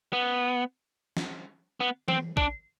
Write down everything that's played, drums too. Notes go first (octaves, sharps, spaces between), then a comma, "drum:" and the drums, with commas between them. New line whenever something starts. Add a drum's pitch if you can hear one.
B3
drum: snare
B3
C4, drum: tom E3
D4, drum: kick